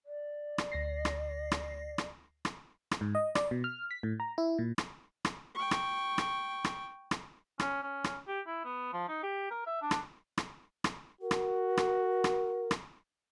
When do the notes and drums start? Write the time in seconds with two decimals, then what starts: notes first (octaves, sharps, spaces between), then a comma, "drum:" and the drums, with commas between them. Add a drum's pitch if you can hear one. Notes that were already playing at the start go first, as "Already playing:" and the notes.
0.06 D5
0.58 drum: rim click
0.72 D2 A#6 C7
1.05 drum: rim click
1.52 drum: rim click
1.98 drum: rim click
2.45 drum: rim click
2.91 drum: rim click
3.01 G#2
3.15 D#5
3.35 D5, drum: rim click
3.51 B2
3.64 F6
3.91 B6
4.03 A2
4.20 A#5
4.38 E4
4.59 A#2
4.78 drum: rim click
5.25 drum: rim click
5.55 G5 C#6
5.71 drum: rim click
6.18 drum: rim click
6.64 drum: rim click
7.11 drum: rim click
7.60 C#4, drum: rim click
7.83 C#4
8.04 drum: rim click
8.28 G4
8.47 E4
8.64 B3
8.93 F3
9.08 D#4
9.23 G4
9.51 A#4
9.66 E5
9.82 D4
9.91 drum: rim click
10.38 drum: rim click
10.84 drum: rim click
11.21 F#4 A#4
11.31 drum: rim click
11.77 drum: rim click
12.24 drum: rim click
12.71 drum: rim click